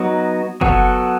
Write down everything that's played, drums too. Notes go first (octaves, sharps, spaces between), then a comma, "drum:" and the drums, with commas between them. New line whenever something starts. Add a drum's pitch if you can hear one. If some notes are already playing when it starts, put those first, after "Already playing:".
Already playing: F#3 B3 D#4 F#4
F#3 B3 F#4 A4, drum: kick F#1